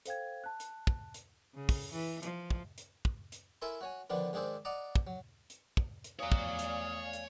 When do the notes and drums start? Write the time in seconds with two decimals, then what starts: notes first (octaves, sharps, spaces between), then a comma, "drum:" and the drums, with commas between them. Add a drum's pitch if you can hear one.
0.06 A4 C5 F5 G5 G#6, drum: hi-hat
0.44 A5 F#6
0.60 drum: hi-hat
0.87 drum: kick
1.14 drum: hi-hat
1.55 C#3
1.69 drum: kick, open hi-hat
1.93 E3
2.23 F3, drum: hi-hat
2.50 drum: kick
2.78 drum: hi-hat
3.05 drum: kick
3.32 drum: hi-hat
3.62 E4 A4 A#4 E5 G#5 C6
3.81 F#4 C#5 G#5
4.10 D3 D#3 F3 B3 D4
4.33 G#2 D#3 D4 G#4 A4 C5
4.65 D5 D#5 F#5 A#5
4.95 drum: kick
5.07 F#3
5.50 drum: hi-hat
5.77 drum: kick
6.04 drum: hi-hat
6.20 E2 A3 C#5 D5 F5 G#5 A#5 D#6
6.32 drum: kick
6.59 drum: hi-hat
7.13 drum: hi-hat